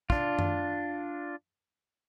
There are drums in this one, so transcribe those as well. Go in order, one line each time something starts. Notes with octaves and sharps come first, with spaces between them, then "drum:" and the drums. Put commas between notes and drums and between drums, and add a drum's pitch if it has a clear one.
D4 F4, drum: kick
drum: tom F#2